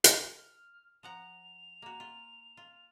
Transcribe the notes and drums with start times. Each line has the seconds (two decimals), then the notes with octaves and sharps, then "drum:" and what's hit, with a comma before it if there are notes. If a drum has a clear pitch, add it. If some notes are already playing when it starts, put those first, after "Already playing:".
0.04 C7, drum: hi-hat
0.38 F6
1.03 F3 F#5 A#5 F7
1.82 A#3 F#4
2.00 F4
2.57 F4